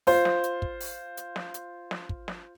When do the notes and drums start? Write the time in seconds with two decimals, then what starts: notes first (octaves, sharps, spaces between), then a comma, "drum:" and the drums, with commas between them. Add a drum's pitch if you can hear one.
0.07 F4 C5, drum: open hi-hat
0.25 drum: snare
0.44 drum: hi-hat
0.62 drum: kick
0.80 drum: open hi-hat
1.17 drum: hi-hat
1.36 drum: snare
1.54 drum: hi-hat
1.91 drum: snare
2.09 drum: kick
2.28 drum: snare